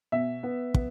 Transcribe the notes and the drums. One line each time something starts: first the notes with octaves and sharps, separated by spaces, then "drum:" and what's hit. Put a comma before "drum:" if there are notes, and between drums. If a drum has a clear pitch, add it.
B2 E5
B3
B3, drum: kick